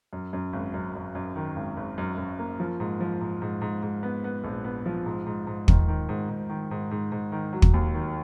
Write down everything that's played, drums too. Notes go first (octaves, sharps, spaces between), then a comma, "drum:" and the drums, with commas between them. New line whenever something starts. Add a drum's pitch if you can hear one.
F#2
F#2
G#1
F#2
F#2
F#2
D#3
G#1
G#1
F#2
F#2
A#3
F3
G#2
F3
G#2
G#2
G#2
G#2
B3
B3
A#1
B3
F3
G#2
G#2
G#2
D#3, drum: kick
D#3
G#2
G#2
D#3
G#2
G#2
G#2
D#3
F#3
drum: kick
D#2
D#3